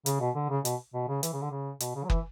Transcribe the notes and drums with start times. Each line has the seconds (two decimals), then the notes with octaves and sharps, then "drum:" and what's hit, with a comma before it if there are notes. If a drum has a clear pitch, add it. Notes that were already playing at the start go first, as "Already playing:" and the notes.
0.06 C#3, drum: hi-hat
0.20 B2
0.36 D3
0.49 C#3
0.65 B2, drum: hi-hat
0.94 B2
1.08 C#3
1.23 E3, drum: hi-hat
1.33 C#3
1.42 D3
1.51 C#3
1.80 B2, drum: hi-hat
1.95 C#3
2.04 F#3
2.10 E3, drum: kick